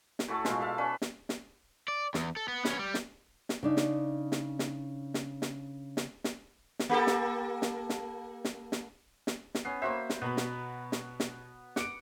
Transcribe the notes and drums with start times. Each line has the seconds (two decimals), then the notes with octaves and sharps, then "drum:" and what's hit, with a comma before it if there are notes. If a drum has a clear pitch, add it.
0.19 drum: snare
0.28 A2 F#4 A4 A5
0.45 B2 G#3 F4 F5, drum: snare
0.60 A4 E5 F5 A5
0.78 C#4 B4 D5 E5
1.02 drum: snare
1.29 drum: snare
1.88 D5
2.14 E2, drum: snare
2.37 A4
2.48 B3
2.65 B3 C#4, drum: snare
2.79 G3
2.94 drum: snare
3.49 drum: snare
3.63 C#3 D4 D#4
3.77 drum: snare
4.32 drum: snare
4.59 drum: snare
5.14 drum: snare
5.42 drum: snare
5.97 drum: snare
6.24 drum: snare
6.79 drum: snare
6.89 A#3 G4 A4
7.07 drum: snare
7.62 drum: snare
7.90 drum: snare
8.45 drum: snare
8.72 drum: snare
9.27 drum: snare
9.55 drum: snare
9.65 B3 C#4 C7
9.82 A#3 F#4 C5 E5 B5
10.10 drum: snare
10.21 B2 B3 A#5 B5
10.37 drum: snare
10.92 drum: snare
11.20 drum: snare
11.76 F#5 D6 D7, drum: snare